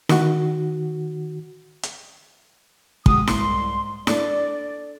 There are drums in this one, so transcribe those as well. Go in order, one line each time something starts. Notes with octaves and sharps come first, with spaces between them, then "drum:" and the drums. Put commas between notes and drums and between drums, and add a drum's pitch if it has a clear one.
D#3 F#4, drum: snare E4
drum: hi-hat
G#3 F#4 G4 D#6, drum: kick
C2 G#2 C6, drum: snare E4
D4 A4 D5, drum: snare E4